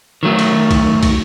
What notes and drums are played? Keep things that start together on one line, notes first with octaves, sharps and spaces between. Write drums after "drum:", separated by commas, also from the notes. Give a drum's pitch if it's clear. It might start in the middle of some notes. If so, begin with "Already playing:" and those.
D#3 F#3 A3
drum: cymbal
drum: kick, cymbal
drum: kick, cymbal